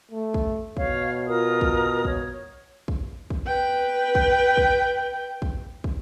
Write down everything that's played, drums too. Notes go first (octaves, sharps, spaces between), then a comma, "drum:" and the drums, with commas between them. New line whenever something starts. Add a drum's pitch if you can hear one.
A3
drum: kick
B2 C#5 F5, drum: kick
F4 A#4 D#6
drum: kick
C#5, drum: kick
drum: kick
drum: kick
B4 G5
drum: kick
drum: kick
drum: kick
drum: kick